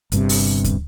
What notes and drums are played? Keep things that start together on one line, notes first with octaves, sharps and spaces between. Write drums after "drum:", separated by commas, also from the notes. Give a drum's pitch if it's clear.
G1 G2 C3, drum: hi-hat
drum: open hi-hat
drum: kick D2, hi-hat